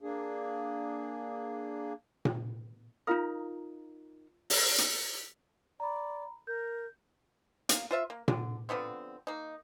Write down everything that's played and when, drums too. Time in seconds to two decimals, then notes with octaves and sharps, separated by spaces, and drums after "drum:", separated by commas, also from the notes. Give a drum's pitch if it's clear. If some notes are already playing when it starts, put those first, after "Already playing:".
0.01 A#3 D4 G#4
2.25 drum: tom A#2
3.07 D#4 F4 A#4 F5 D#6
4.50 drum: open hi-hat
4.78 drum: hi-hat
5.80 D5 A#5 B5
6.47 A#4 G6
7.69 A#3 F5, drum: hi-hat
7.91 F4 C5 E5
8.10 A#3
8.28 D3, drum: tom A#2
8.69 D3 F3 B3 C4
9.27 A#3 D#4